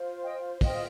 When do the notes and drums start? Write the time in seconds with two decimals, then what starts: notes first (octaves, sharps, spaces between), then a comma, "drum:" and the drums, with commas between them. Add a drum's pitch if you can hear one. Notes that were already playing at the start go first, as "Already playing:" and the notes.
Already playing: F4 C5
0.24 D#5 G5
0.61 F4 C5 D#5 G5, drum: kick, open hi-hat